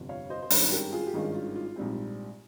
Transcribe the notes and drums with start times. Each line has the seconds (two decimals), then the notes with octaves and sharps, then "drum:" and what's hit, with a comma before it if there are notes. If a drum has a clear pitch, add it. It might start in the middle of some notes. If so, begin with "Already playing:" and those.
Already playing: G1 F2 C3
0.09 C#5 F5
0.30 C5 D#5
0.42 C5
0.50 G#1 G2 D#3 G#3 C#4 A#4 C#5, drum: open hi-hat
0.72 G4 A#4
0.92 F4 G#4
1.07 G4
1.13 G#1 G2 D#3 G#3 C#4 F4
1.34 F4
1.55 F4
1.76 A#1 G#2 G3 C4